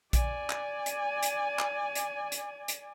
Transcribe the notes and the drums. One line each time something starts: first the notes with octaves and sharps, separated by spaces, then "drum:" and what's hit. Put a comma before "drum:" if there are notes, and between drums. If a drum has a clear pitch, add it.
D5 G#5, drum: kick A#1, hi-hat
drum: clap
drum: hi-hat
drum: hi-hat
drum: clap
drum: hi-hat
drum: hi-hat
drum: hi-hat